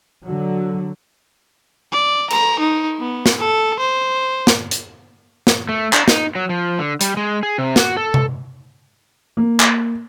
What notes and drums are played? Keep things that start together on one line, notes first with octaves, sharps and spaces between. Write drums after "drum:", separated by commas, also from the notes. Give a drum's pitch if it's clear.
D3 F#3
D5
A#5, drum: cymbal
D#4
B3
drum: snare
A4
C5
drum: snare
drum: hi-hat
drum: snare
A3
D4, drum: clap
D#4, drum: snare
F#3
F3
D3
G3, drum: hi-hat
G#3
G#4
C3
F#4, drum: snare
A4
drum: tom C3
A#3
drum: clap